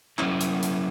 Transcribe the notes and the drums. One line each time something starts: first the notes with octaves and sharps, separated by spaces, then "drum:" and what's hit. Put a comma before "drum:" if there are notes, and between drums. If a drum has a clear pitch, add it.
F#3 C#4 E4, drum: clap
drum: hi-hat
drum: hi-hat